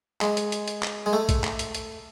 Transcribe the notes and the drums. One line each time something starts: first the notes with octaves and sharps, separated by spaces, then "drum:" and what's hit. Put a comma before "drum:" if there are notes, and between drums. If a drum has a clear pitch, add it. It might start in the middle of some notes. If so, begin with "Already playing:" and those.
G#3, drum: clap
drum: hi-hat
drum: hi-hat
drum: hi-hat
drum: clap
G#3
A3
drum: kick A#1, hi-hat
drum: clap
drum: hi-hat
drum: hi-hat